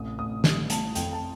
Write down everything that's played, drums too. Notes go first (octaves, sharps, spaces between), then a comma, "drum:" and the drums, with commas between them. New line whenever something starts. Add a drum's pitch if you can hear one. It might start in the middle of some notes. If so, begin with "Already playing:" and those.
Already playing: A1 C3 D#6
A1 D#6
G3, drum: snare
A2 A5, drum: hi-hat
F2 G5, drum: hi-hat
A5